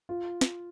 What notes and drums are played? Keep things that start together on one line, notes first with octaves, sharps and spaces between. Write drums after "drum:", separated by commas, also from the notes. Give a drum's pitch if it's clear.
F4
drum: snare